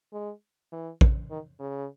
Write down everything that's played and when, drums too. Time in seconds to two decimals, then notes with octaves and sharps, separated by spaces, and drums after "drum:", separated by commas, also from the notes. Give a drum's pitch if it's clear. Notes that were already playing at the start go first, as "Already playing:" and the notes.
0.13 G#3
0.72 E3
1.01 drum: kick
1.30 D#3
1.59 C#3